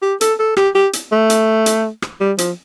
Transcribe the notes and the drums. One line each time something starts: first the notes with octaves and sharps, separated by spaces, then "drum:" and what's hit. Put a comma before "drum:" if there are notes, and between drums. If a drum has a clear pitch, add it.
G4
A4, drum: hi-hat
A4
G4, drum: rim click
G4
drum: hi-hat
A3
drum: hi-hat
drum: hi-hat
drum: rim click
G3
F3, drum: hi-hat